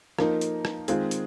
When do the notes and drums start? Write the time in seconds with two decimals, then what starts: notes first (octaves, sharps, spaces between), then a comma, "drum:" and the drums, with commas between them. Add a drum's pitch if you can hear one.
0.18 F3 A#3 D#4 A#4, drum: rim click
0.41 drum: hi-hat
0.65 drum: rim click
0.88 D#3 G#3 C4 F4 G#4, drum: hi-hat
1.11 drum: hi-hat